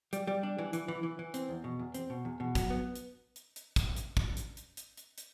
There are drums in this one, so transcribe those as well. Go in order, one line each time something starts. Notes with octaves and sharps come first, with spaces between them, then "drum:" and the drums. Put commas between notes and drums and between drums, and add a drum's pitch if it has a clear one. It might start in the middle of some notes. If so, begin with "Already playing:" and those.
G3, drum: hi-hat
G3
D4
E3
E3, drum: hi-hat
E3
E3
E3
C4, drum: hi-hat
E2
B2
E2
C4, drum: hi-hat
B2
E2
B2
F#3, drum: kick, hi-hat
B3
drum: hi-hat
drum: hi-hat
drum: hi-hat
drum: kick, hi-hat
drum: hi-hat
drum: kick
drum: hi-hat
drum: hi-hat
drum: hi-hat
drum: hi-hat
drum: hi-hat